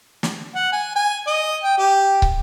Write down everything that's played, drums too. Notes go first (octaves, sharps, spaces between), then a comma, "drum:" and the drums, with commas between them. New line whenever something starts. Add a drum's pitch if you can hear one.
drum: snare
F#5
G#5
G#5
D#5
G5
G4
drum: kick